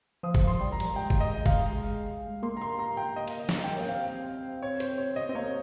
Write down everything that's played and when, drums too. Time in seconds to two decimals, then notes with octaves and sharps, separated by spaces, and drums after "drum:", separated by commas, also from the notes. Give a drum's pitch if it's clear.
0.23 F3 D#6
0.35 drum: kick G1
0.47 C6
0.60 G3
0.72 D#3 A#5
0.80 F3, drum: hi-hat
0.88 G3
0.96 G#3 G5
1.10 drum: kick G1
1.20 D#5
1.46 F5, drum: kick G1
2.43 A#3 C6
2.57 A#5
2.61 C6
2.79 A#5
2.97 G5
3.16 D#5
3.28 drum: hi-hat
3.40 D#5
3.49 drum: snare
3.64 G5
3.76 C#4 G5
3.89 C4 F5
4.63 C#5
4.80 C5, drum: hi-hat
4.98 C#5
5.16 D#5
5.29 C4
5.35 A#3 C#5